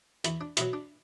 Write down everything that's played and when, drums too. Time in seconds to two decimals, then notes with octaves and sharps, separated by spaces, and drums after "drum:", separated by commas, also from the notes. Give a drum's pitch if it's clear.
0.24 E2 E4, drum: hi-hat
0.41 D4
0.57 B2 F#3 E4, drum: hi-hat
0.73 D4